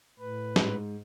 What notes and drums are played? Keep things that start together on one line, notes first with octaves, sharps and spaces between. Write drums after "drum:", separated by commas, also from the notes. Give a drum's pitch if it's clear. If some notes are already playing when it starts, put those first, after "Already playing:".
A2 B4
G#2, drum: snare